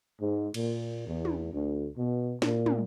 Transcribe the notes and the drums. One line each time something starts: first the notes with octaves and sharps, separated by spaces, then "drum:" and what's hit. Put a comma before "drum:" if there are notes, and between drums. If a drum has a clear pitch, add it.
G#2
A#2, drum: cymbal
E2
drum: tom
D2
B2
A#2, drum: snare
drum: tom